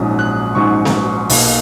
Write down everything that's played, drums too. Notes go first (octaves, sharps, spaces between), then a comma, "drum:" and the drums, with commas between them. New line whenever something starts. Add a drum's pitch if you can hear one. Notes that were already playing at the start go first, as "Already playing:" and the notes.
Already playing: A#1 G#2 F#3 C#4 D#6
F#6
A#1 G#2 F#3 C#4 C#6
drum: snare B3
B1 B2 A#3, drum: open hi-hat